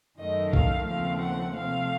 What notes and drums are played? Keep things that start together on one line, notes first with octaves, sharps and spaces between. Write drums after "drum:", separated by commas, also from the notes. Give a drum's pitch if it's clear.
F#2 D#3 A3 D#5
F5, drum: kick B1
D#2 C#3 F3 A3 C4 F5
F#5
C3 F3 A3 C4 F5